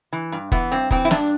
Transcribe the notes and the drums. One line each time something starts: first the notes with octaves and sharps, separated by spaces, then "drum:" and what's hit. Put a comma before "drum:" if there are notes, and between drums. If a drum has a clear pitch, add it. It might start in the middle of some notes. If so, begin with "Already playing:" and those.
E3
G2
E3 B3, drum: kick
G2 C4
E3 C4, drum: kick
E4
G2 D4, drum: snare